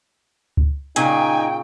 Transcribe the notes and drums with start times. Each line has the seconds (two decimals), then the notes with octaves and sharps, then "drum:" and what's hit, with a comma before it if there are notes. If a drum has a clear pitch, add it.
0.57 drum: kick C#2
0.96 A#2 C#3 D#4 G5 G#5, drum: hi-hat